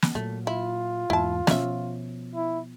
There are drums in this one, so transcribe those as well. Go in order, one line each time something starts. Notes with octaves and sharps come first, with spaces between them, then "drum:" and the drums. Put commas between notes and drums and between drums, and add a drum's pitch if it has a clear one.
drum: snare
A#2 F#3 A3
E4 F4
E2 G#2 A#3 E4 A5
B2 F3 C#4 E5, drum: snare
E4